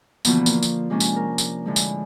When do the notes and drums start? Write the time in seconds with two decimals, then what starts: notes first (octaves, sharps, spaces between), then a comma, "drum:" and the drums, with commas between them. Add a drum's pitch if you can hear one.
0.25 B2 D3 E3 F3 A#3 B3, drum: tambourine
0.46 A#3, drum: tambourine
0.63 drum: tambourine
0.90 C3 G#3 A#3 C#4 D4
1.00 drum: tambourine
1.16 A#4
1.38 drum: tambourine
1.66 A2 D3 G#3
1.76 drum: tambourine